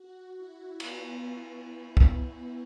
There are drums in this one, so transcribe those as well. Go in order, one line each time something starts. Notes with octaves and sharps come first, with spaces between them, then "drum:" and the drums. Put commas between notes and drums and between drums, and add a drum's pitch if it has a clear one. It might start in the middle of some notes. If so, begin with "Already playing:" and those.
Already playing: F#4
E4
B3, drum: cymbal
E4
drum: kick